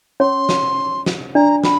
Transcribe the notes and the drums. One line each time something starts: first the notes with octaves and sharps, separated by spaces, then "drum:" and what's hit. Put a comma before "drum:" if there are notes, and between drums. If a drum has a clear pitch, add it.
C#4 C#5 C6
drum: snare
drum: snare
D4 D5 A#5
B5, drum: snare